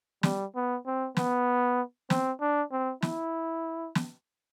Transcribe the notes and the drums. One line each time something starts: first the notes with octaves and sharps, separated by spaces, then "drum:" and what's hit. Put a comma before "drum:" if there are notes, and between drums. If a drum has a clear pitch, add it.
G3, drum: snare
B3
C4
B3, drum: snare
C4, drum: snare
D4
C4
E4, drum: snare
drum: snare